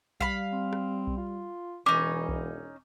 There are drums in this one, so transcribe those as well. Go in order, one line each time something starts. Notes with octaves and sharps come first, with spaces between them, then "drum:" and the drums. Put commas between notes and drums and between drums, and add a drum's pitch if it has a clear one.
G3 F5 B5, drum: kick B1
C4
drum: rim click
drum: kick B1
F4
E1 E3 C#4 D#4 D6
drum: kick B1